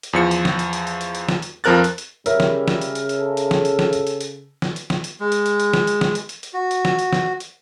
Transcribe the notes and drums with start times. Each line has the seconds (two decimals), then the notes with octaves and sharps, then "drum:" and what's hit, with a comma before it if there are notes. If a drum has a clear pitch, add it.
0.03 drum: hi-hat
0.13 E2 F3 C#7
0.31 drum: hi-hat
0.45 drum: snare
0.59 drum: hi-hat
0.73 drum: hi-hat
0.87 drum: hi-hat
1.01 drum: hi-hat
1.15 drum: hi-hat
1.29 drum: snare
1.42 drum: hi-hat
1.64 F2 F3 C4 A#4 F#6 A6
1.84 drum: hi-hat
1.98 drum: hi-hat
2.26 C#3 G3 A#4 C#5 E5, drum: hi-hat
2.40 drum: snare
2.68 drum: snare
2.81 drum: hi-hat
2.95 drum: hi-hat
3.09 drum: hi-hat
3.20 A4
3.37 drum: hi-hat
3.51 drum: snare
3.65 drum: hi-hat
3.79 drum: snare
3.93 drum: hi-hat
4.07 drum: hi-hat
4.21 drum: hi-hat
4.62 drum: snare
4.76 drum: hi-hat
4.90 drum: snare
5.04 drum: hi-hat
5.20 G#3
5.32 drum: hi-hat
5.46 drum: hi-hat
5.60 drum: hi-hat
5.73 drum: snare
5.87 drum: hi-hat
6.01 drum: snare
6.15 drum: hi-hat
6.29 drum: hi-hat
6.43 drum: hi-hat
6.53 F#4
6.71 drum: hi-hat
6.85 drum: snare
6.99 drum: hi-hat
7.13 drum: snare
7.40 drum: hi-hat